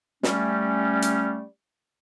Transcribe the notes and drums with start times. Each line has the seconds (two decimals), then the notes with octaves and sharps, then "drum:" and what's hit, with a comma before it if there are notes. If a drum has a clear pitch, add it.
0.23 G3 A3 C#4, drum: snare
1.02 drum: hi-hat